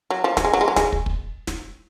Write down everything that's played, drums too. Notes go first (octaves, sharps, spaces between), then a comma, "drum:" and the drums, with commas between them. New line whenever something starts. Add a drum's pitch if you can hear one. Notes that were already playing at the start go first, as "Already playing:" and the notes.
F#3
F3
F#3, drum: snare
G#3
F#3
G#3
F#3
G#3, drum: snare
drum: kick
drum: kick
drum: snare